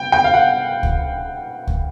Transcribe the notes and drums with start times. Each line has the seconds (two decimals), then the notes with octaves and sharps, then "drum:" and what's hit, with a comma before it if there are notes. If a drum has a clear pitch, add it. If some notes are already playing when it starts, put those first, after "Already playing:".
Already playing: G5
0.12 G5
0.24 F5
0.34 F#5
0.83 drum: kick C#2
1.67 drum: kick C#2